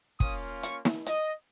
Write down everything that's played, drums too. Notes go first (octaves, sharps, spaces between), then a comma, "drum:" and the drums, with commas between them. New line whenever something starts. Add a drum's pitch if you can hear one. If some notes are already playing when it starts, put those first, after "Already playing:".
A#3 C#4 F4 D#6, drum: kick
C#6, drum: hi-hat
drum: snare
D#5, drum: hi-hat